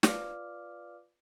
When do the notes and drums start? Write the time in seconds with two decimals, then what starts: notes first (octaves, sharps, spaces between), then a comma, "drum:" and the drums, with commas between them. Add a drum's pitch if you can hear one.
0.03 F4 B4 D5 F5 D6 F6, drum: snare